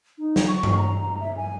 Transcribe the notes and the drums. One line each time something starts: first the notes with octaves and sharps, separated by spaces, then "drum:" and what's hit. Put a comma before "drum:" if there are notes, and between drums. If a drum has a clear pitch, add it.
D#4
drum: snare
C#6
drum: tom G2
A#5
E5
G#5